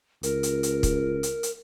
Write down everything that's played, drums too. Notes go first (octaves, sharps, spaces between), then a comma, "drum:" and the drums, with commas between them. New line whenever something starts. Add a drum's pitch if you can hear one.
C#2 A#4, drum: hi-hat
drum: hi-hat
drum: hi-hat
drum: kick, hi-hat
drum: hi-hat
drum: hi-hat